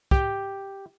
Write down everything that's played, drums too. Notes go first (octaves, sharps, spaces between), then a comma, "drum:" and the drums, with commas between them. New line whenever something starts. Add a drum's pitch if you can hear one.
G4, drum: kick